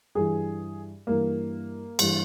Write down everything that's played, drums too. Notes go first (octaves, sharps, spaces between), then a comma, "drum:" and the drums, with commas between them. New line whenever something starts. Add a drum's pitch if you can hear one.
G2 E3 G#4
G2 E3 A#3
G2 E3, drum: cymbal